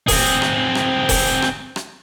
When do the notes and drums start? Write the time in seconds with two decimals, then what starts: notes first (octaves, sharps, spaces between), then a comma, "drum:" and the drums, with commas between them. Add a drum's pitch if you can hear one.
0.08 C4 G#4, drum: kick F1, open hi-hat
0.42 drum: rim click
0.75 drum: rim click
1.09 drum: kick F1, open hi-hat
1.42 drum: rim click
1.76 drum: rim click